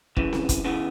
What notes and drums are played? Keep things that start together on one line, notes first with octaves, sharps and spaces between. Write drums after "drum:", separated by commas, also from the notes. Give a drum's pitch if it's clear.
F#2 C#3 E3, drum: kick
drum: snare C4
drum: kick, hi-hat
C#3 E3 B3